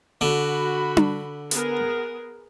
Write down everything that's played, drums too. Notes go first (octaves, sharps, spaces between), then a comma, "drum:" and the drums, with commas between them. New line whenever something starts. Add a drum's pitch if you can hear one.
D3 F#4 B5
drum: tom D4
B3 G#4 A#4, drum: hi-hat